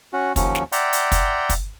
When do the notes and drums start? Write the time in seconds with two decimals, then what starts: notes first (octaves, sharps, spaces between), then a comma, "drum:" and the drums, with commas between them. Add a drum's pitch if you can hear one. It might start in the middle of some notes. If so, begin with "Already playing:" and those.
0.13 C#4 F#4
0.36 D#2 F3 F#3 C#4, drum: kick, hi-hat
0.55 drum: snare
0.72 D5 E5 F#5 G5 A#5 C6, drum: hi-hat
0.93 drum: hi-hat
1.12 drum: kick, hi-hat
1.49 drum: kick, hi-hat